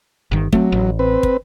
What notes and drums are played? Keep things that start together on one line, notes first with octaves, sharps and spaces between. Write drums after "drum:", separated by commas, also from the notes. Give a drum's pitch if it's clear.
G1 D#3
F#3 A3 C4, drum: kick
A1
C4 B4
drum: kick